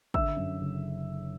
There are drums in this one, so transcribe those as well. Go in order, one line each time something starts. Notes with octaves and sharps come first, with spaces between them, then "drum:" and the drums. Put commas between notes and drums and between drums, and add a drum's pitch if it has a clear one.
D3 E5 E6, drum: kick
F#2
F#1